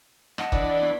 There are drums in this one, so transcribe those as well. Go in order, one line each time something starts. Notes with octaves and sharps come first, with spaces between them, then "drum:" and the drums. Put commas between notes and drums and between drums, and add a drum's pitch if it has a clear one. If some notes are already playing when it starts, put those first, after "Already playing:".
D#5 F#5 A5, drum: rim click
E3 D4 B4, drum: kick F#1
D5
B3 B6